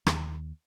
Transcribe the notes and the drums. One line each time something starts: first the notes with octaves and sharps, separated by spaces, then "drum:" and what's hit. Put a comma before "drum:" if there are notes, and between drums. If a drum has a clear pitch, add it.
D#2, drum: rim click